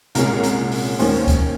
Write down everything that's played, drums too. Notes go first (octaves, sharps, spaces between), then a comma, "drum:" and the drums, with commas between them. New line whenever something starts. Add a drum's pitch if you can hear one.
C2 A#2 G#3 C#4 A#4, drum: hi-hat
drum: hi-hat
drum: open hi-hat
D#2 D#3 A#3 C#4 C5, drum: open hi-hat
drum: kick C#2, hi-hat